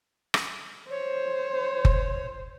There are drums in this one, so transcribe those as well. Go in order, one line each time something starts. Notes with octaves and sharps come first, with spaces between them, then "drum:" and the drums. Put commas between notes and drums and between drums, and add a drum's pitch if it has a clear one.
drum: rim click
C5 C#5
drum: kick F#1